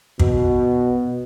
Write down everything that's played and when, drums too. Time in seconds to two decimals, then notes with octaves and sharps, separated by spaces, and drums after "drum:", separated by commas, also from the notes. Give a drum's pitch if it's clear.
0.19 B2, drum: kick